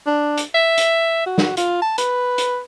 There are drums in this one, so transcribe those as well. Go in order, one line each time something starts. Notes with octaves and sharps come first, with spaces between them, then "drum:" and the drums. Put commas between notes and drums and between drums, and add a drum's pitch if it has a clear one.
D4
drum: hi-hat
E5
drum: hi-hat
F#4
drum: snare
F4, drum: hi-hat
A5
B4, drum: hi-hat
drum: hi-hat